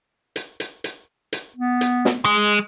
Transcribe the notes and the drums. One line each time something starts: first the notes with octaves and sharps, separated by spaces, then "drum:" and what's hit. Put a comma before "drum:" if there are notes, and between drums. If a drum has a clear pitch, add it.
drum: hi-hat
drum: hi-hat
drum: hi-hat
drum: hi-hat
B3
drum: hi-hat
drum: snare
G#3